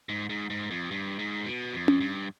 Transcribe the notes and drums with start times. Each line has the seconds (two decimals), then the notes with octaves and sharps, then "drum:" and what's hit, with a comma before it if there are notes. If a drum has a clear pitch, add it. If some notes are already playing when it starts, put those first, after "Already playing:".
0.09 G#2
0.30 G#2
0.50 G#2
0.71 F2
0.91 G2
1.19 G#2
1.46 B2
1.73 F2
1.88 drum: tom C#4
2.01 G2